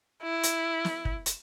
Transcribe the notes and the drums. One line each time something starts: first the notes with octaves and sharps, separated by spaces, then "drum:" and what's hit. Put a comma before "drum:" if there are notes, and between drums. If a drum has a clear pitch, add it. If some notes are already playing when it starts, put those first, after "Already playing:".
E4
drum: hi-hat
drum: snare
drum: kick
drum: hi-hat